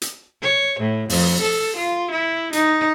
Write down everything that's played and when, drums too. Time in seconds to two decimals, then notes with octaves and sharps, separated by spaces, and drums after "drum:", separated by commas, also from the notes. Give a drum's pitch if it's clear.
0.02 drum: hi-hat
0.43 C#5
0.80 A2
1.10 F2, drum: open hi-hat
1.41 A4
1.76 F4
2.11 E4
2.53 D#4, drum: hi-hat